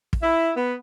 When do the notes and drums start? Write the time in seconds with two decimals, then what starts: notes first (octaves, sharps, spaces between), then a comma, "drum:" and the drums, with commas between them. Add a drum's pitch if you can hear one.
0.13 drum: kick
0.22 E4
0.56 B3